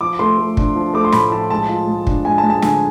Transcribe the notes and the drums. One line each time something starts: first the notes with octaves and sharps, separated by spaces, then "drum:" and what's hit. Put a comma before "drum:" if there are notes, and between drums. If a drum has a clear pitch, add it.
F3 D6
A3 C6
A3
D4, drum: kick
F3
A3 D6
C6
A2 B5, drum: snare
F3 A5
G#3 A5
F4
G#3
D4, drum: kick
G#3 G#5
A5
G#3
A5
D3 G#5, drum: snare